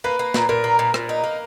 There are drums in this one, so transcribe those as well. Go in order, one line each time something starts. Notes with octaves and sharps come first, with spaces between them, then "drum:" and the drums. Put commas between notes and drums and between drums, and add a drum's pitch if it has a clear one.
A#3 B4
A#3
A#2, drum: snare
A#2 A#4
A#3
A#2
A#2, drum: rim click
D#4
A#3